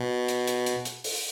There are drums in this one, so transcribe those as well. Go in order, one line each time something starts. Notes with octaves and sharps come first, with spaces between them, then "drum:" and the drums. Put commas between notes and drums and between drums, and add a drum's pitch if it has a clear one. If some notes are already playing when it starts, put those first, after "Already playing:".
Already playing: B2
drum: hi-hat
drum: hi-hat
drum: hi-hat
drum: hi-hat
drum: open hi-hat